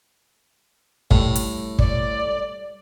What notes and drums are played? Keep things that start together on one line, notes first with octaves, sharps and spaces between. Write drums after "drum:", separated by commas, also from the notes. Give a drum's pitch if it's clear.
A2 G3, drum: kick
drum: hi-hat
D5, drum: kick